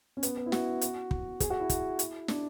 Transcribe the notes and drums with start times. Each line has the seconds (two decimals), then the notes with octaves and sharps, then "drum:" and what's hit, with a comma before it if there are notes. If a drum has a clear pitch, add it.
0.17 C#4
0.23 B3, drum: hi-hat
0.37 B3
0.46 E4
0.52 F#4, drum: snare
0.81 drum: hi-hat
1.11 drum: kick
1.40 G#4, drum: kick, hi-hat
1.50 F#4
1.60 E4
1.70 drum: kick, hi-hat
1.99 drum: hi-hat
2.28 D4, drum: snare